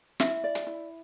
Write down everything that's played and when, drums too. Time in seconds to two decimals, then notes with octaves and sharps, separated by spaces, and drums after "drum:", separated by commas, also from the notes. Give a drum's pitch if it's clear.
0.20 E4 E5, drum: snare
0.44 D5
0.55 drum: hi-hat
0.67 E4